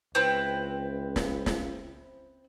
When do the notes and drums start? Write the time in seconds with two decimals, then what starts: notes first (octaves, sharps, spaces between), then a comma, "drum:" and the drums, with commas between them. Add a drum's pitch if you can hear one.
0.15 C#2 C4 E4 B4
1.16 drum: snare
1.46 drum: snare